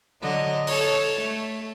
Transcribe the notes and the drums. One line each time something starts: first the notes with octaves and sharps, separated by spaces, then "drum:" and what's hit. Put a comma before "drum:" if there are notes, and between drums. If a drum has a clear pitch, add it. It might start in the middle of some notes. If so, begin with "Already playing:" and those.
D3 F#3 D#5
A4 C#5, drum: open hi-hat
A3